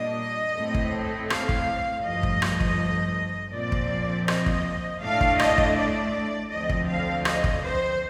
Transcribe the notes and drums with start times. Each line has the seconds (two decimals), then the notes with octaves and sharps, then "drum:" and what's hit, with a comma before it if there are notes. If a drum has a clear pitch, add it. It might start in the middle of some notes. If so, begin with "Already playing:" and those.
Already playing: A#2 G3 A#3 D4 D#5
0.56 A2 A3 C4
0.74 drum: kick
1.30 F5, drum: rim click
1.49 drum: kick
2.05 G2 F3 A3 D#5
2.23 drum: kick
2.42 drum: rim click
2.60 drum: kick
3.53 A#2 F3 C4 D5
3.72 drum: kick
4.28 D#5, drum: rim click
4.46 drum: kick
5.02 A2 A3 D4 F5
5.21 drum: kick
5.39 D#5, drum: rim click
5.58 drum: kick
5.77 D5
6.51 D2 D3 F3 C4 D#5
6.69 drum: kick
6.88 F5
7.25 D#5, drum: rim click
7.44 drum: kick
7.63 C5